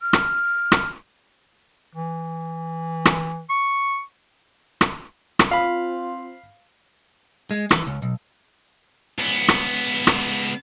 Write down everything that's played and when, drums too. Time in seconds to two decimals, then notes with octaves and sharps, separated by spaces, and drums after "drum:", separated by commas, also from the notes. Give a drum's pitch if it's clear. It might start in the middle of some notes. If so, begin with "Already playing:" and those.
0.01 F6
0.13 drum: rim click
0.72 drum: rim click
1.95 E3
3.05 drum: rim click
3.49 C#6
4.81 drum: rim click
5.39 drum: rim click
5.51 C4 F4 F5 B5
7.51 G#3
7.71 E3, drum: rim click
7.87 C#2
8.02 B1
9.19 C#2 B3
9.48 drum: rim click
10.07 drum: rim click